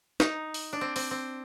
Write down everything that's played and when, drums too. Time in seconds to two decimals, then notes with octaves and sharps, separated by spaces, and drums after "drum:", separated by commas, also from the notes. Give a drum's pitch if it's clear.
0.20 D#4, drum: snare
0.54 drum: open hi-hat
0.73 D4
0.81 C4
0.96 C4, drum: open hi-hat
1.11 C4